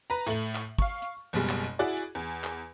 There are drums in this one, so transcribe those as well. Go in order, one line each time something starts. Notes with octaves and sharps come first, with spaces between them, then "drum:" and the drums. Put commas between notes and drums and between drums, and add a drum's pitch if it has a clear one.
B4 A#5
A2 A3 F#7
drum: clap
F5 C#6, drum: kick, open hi-hat
drum: hi-hat
F#1 B2 G3 G#3
drum: clap
E4 F#4 G#4 D5
drum: hi-hat
E2
drum: clap